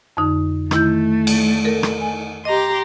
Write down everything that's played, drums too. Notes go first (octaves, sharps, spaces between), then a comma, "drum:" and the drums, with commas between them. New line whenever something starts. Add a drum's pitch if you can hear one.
F2 D3 D#4
D#3 A3 E4 G6, drum: rim click
drum: cymbal
A4 A#4
drum: rim click
G#5
G4 D#5 A#5 C6 D6